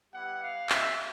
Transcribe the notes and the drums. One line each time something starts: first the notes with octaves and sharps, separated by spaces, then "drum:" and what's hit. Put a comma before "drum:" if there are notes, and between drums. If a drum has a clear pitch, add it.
G3 B3 E4 G4 F#5
F5
E5, drum: clap